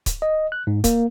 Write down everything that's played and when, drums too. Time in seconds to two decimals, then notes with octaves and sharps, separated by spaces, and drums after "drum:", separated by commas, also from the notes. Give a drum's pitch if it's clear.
0.06 drum: kick C#1, hi-hat
0.22 D#5
0.52 F#6
0.67 G#2
0.84 A#3, drum: kick C#1, hi-hat